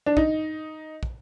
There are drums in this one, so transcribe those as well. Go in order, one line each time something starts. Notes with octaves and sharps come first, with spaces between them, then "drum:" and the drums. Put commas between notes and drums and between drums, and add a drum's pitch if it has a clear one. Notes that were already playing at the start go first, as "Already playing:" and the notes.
D4
D#4, drum: kick
drum: kick